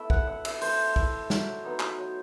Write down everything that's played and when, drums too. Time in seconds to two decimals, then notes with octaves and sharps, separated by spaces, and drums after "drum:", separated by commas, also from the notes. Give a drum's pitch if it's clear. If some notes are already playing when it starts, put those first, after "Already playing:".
Already playing: A3 B3 E4 E5
0.10 F#5, drum: kick
0.27 E4 F#5
0.45 E5, drum: cymbal
0.61 A3 C5, drum: open hi-hat
0.96 E4, drum: kick
1.30 F#3, drum: snare
1.64 B3 D#4
1.80 drum: clap
1.99 F#3